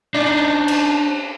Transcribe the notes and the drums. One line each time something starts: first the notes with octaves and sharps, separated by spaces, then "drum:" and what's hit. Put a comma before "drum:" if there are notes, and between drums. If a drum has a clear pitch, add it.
D4 D#4
drum: cymbal